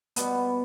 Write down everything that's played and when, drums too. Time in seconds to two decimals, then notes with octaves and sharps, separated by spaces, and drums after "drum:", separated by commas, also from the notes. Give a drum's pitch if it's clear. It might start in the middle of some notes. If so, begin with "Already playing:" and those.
0.16 B2 G3 B3, drum: hi-hat